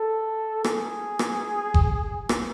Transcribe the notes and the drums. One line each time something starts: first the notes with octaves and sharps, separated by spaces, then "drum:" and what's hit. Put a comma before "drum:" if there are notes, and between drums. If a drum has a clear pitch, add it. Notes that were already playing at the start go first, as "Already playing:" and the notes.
Already playing: A4
G#4, drum: rim click
drum: rim click
drum: kick F#1
drum: rim click